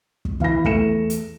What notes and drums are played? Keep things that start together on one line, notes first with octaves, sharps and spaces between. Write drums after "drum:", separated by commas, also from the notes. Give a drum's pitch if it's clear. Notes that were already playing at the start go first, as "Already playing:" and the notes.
drum: kick
E3 F5 B5 A#6, drum: kick
E2 A3 C#7 E7, drum: kick
drum: hi-hat